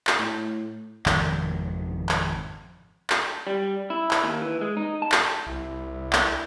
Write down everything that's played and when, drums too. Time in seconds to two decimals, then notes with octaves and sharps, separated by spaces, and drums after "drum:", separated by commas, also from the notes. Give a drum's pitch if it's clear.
0.07 drum: clap
0.19 A2
1.06 G#1 F2 C3 D#3, drum: clap
2.09 drum: clap
3.10 drum: clap
3.47 G3
3.90 E4
4.11 drum: clap
4.23 D#2
4.41 E3
4.61 G#3
4.77 D#4
5.02 A5
5.12 drum: clap
5.47 C2 E4
6.13 drum: clap